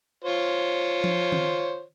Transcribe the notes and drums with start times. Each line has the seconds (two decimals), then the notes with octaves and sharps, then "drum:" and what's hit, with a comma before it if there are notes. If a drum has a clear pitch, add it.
0.24 F4 C5 C#5
1.04 drum: tom F3
1.32 drum: tom D#3